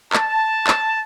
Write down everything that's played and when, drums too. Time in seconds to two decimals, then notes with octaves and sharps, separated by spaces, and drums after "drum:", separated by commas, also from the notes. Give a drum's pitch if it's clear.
0.13 A5, drum: clap
0.67 drum: clap